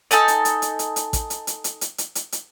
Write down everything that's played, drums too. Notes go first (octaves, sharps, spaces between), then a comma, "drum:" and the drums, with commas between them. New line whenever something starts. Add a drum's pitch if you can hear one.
D#4 A4 G#5 A5, drum: hi-hat
drum: hi-hat
drum: hi-hat
drum: hi-hat
drum: hi-hat
drum: hi-hat
drum: kick A1, hi-hat
drum: hi-hat
drum: hi-hat
drum: hi-hat
drum: hi-hat
drum: hi-hat
drum: hi-hat
drum: hi-hat